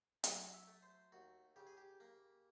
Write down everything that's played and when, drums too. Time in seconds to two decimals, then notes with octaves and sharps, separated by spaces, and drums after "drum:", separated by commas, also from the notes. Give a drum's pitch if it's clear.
0.24 F#3 F#5, drum: hi-hat
0.53 E5
0.67 A3
0.83 C5
1.12 D#2 F#4
1.56 C#3 G4
1.67 G#4
1.77 G4
2.00 A#3